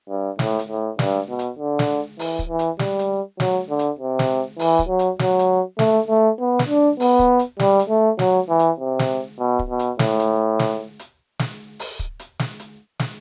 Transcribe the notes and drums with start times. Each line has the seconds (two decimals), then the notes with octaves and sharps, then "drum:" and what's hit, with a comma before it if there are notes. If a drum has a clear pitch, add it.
0.09 G2
0.39 A2, drum: snare
0.59 drum: hi-hat
0.69 A2
0.99 G2, drum: snare
1.29 B2
1.39 drum: hi-hat
1.59 D3
1.79 drum: snare
2.19 E3, drum: open hi-hat
2.39 drum: kick
2.49 E3
2.59 drum: hi-hat
2.79 G3, drum: snare
2.99 drum: hi-hat
3.40 F#3, drum: snare
3.69 D3
3.79 drum: hi-hat
3.99 C3
4.19 drum: snare
4.59 E3, drum: open hi-hat
4.79 drum: kick
4.89 F#3
4.99 drum: hi-hat
5.19 F#3, drum: snare
5.39 drum: hi-hat
5.79 A3, drum: snare
6.09 A3
6.40 B3
6.59 drum: snare
6.69 D4
7.00 B3, drum: open hi-hat
7.19 drum: kick
7.39 drum: hi-hat
7.59 G3, drum: snare
7.79 drum: hi-hat
7.89 A3
8.19 F#3, drum: snare
8.49 E3
8.59 drum: hi-hat
8.80 C3
8.99 drum: snare
9.39 B2
9.59 drum: kick
9.70 B2
9.79 drum: hi-hat
9.99 A2, drum: snare
10.19 drum: hi-hat
10.59 drum: snare
10.99 drum: hi-hat
11.39 drum: snare
11.79 drum: open hi-hat
11.99 drum: kick
12.19 drum: hi-hat
12.39 drum: snare
12.59 drum: hi-hat
12.99 drum: snare